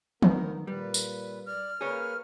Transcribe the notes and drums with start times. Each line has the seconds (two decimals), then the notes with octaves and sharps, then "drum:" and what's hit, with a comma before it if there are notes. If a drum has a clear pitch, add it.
0.22 D#3 B3 A#4, drum: tom D#3
0.67 A#2 G3 B4
0.94 drum: tambourine
1.47 D5 F6
1.81 A#3 G#4 B4 C#5